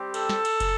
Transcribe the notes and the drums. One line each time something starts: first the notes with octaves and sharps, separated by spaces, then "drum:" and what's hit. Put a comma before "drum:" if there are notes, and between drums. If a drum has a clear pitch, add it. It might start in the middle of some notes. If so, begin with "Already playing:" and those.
Already playing: G3 C4 G4
A4, drum: cymbal
drum: snare
drum: cymbal
drum: kick, cymbal